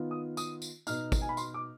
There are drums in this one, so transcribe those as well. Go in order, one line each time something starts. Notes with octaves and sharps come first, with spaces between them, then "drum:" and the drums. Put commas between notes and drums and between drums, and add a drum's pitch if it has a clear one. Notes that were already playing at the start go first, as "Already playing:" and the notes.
Already playing: D#3 B3 F4
D#6
D#6, drum: tambourine
drum: tambourine
B2 B3 D#4 F6, drum: tambourine
drum: kick, tambourine
G#5
B5
C6, drum: tambourine
D6